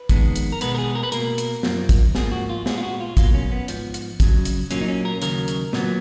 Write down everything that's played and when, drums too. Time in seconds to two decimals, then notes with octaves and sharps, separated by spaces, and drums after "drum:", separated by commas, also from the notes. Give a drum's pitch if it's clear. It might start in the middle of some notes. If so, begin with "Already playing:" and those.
Already playing: B4
0.09 F2 D#3 G#3 B3, drum: kick, hi-hat
0.36 drum: hi-hat
0.52 A#4
0.61 B2 G#3 B3 B4, drum: hi-hat
0.75 A#4
0.78 G#4
0.95 A#4
1.03 B4
1.12 B2 A#3 A#4, drum: hi-hat
1.38 drum: hi-hat
1.63 F#2 F3 A#3, drum: snare
1.89 drum: kick, hi-hat
2.15 G#2 F3 A#3 G#4, drum: snare
2.32 F#4
2.49 F4
2.66 A#2 G#3 B3 G#4, drum: snare
2.78 F4
2.83 F#4
3.00 F4
3.17 B2 F#3 A#3 F4, drum: kick, hi-hat
3.34 C#4
3.51 B3
3.68 G#2 F3 B3, drum: hi-hat
3.94 drum: hi-hat
4.20 F2 C#3 F#3, drum: kick, hi-hat
4.45 drum: hi-hat
4.71 A#2 F#3 A#3 C#4, drum: hi-hat
4.81 D#4
4.88 C#4
5.05 A#4
5.22 D#2 C#3 F#3 A#4, drum: hi-hat
5.48 drum: hi-hat
5.73 A#2 F#3 B3, drum: snare